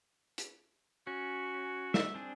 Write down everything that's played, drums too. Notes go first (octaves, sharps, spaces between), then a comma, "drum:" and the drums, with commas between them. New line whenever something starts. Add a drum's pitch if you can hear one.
drum: hi-hat
C#4 F#4
E5, drum: snare
C4 D4 G#4